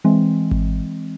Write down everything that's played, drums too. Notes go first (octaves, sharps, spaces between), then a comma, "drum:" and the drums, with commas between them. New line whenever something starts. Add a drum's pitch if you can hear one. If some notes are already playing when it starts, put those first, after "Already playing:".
E3 G#3 C4
drum: kick G#1